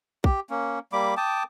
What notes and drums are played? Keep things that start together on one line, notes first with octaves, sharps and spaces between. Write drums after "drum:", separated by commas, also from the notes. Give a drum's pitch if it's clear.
G4, drum: kick
A#3 C#4
G3 A#3 B5 D6
G5 A5 D6 D#6